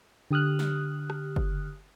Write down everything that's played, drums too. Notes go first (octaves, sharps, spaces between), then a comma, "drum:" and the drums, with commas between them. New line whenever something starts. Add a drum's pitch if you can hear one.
D3 G4 D#6 F6 F#6
drum: snare
drum: rim click
drum: kick F#1